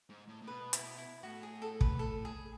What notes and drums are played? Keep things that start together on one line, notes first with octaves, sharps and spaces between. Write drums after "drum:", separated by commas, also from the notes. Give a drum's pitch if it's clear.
G#2
A2
A2
B2 B4
E4, drum: hi-hat
E4
A2 F#4
G#4
A4
B4, drum: kick
A4
G#4